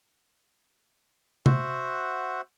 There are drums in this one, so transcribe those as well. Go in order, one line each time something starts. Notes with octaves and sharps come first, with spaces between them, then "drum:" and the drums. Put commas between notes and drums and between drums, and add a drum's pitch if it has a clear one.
F#4 C5 E5 F#5, drum: tom C3